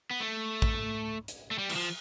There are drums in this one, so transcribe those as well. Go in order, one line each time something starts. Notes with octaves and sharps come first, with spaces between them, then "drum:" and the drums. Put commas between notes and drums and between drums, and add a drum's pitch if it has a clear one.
B3
A3
drum: kick
drum: hi-hat
A3
G3
E3, drum: cymbal
F3